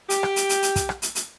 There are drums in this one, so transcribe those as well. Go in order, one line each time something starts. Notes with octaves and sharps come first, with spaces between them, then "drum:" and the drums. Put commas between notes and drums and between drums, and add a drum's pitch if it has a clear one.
G4, drum: hi-hat
drum: rim click
drum: hi-hat
drum: hi-hat
drum: hi-hat
drum: kick, hi-hat
drum: rim click
drum: hi-hat
drum: hi-hat